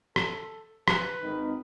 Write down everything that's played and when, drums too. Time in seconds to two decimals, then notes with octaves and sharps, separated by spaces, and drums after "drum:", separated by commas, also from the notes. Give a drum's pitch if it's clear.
0.16 A4, drum: rim click
0.88 B4, drum: rim click
1.22 G#1 D#3